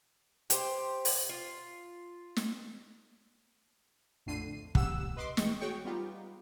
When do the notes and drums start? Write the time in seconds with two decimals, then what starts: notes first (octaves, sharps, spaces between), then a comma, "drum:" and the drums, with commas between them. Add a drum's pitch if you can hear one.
0.50 G4 C5, drum: hi-hat
1.05 drum: open hi-hat
1.29 F4
2.36 drum: snare
4.26 A#1 F2 A2 D3 C7 D#7
4.75 E2 C#3 G4 F#5 E6 E7, drum: kick
5.16 B4 D#5 C6 D6
5.37 E3 G#3 D#5 G5 C#6, drum: snare
5.61 F#4 G#4 C#5 G5 C#6
5.85 G3 B3 D#4 F4 G4